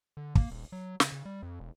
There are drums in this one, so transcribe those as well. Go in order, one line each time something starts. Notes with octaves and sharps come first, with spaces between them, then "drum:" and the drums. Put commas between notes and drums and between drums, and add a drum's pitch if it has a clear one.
D3
A#3, drum: kick
D#1
F#3
C#3, drum: snare
C#3
G3
F2
E1